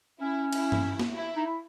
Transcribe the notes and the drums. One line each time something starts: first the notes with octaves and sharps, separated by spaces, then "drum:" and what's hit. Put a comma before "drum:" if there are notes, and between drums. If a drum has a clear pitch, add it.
C#4 E4
E4, drum: cymbal
drum: tom G2
drum: snare
E4
D#4
E4